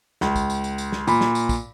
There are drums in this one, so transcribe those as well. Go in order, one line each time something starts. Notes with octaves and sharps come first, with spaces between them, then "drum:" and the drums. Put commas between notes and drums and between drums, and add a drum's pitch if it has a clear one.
C#2, drum: snare
drum: kick, tambourine
drum: tambourine
drum: tambourine
drum: tambourine
drum: snare
A#2 B5, drum: tambourine
drum: snare
drum: tambourine
drum: kick, tambourine